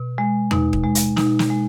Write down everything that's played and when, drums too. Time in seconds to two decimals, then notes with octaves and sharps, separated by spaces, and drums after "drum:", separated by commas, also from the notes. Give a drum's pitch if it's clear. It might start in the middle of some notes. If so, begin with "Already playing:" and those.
Already playing: B2
0.18 G#3
0.51 B2 D#4, drum: tom E2
0.73 drum: kick
0.84 G#3
0.95 drum: hi-hat
1.17 B2 D#4, drum: snare
1.39 drum: snare
1.50 G#3